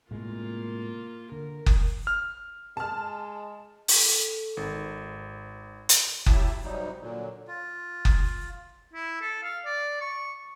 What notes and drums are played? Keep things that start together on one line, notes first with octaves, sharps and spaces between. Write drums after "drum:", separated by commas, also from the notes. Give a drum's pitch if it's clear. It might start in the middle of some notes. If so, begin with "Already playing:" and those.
A2 C3 G#3 A#3 F4
D3 A#4
drum: kick F#1
F6
G#3 A5 F6
A4, drum: open hi-hat
G#1 G#2
drum: hi-hat
F#3 E4 G4 E5 A5, drum: kick F#1
G#2 C3 F#3 G3 D#4
A#2 D3 F#3
F4
drum: kick F#1
E4
A4
F5
D5
C#6